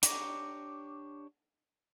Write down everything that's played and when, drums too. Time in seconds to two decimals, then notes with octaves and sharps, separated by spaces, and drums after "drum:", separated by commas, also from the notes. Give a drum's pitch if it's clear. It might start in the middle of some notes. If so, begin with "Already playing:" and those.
0.03 D4 G4 C#5 A#5 D6, drum: hi-hat